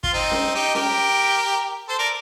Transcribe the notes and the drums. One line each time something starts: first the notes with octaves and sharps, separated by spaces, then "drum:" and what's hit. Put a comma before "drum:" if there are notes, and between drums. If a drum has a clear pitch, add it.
F4, drum: kick
C4 D#4
drum: snare C#4
D#4 G4
G4 A#4, drum: snare C#4
A4 C5
A#4 D5